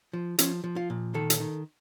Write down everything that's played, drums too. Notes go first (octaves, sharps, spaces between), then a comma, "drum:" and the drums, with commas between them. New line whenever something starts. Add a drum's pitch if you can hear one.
F3
F3 C#4, drum: hi-hat
F3
F4
A#2
D#3 A4
drum: hi-hat
D#3